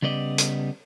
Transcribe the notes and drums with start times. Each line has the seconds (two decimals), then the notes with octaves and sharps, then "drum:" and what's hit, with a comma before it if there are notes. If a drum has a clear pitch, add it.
0.02 C#3 G3 B3 D5 D#5
0.38 drum: hi-hat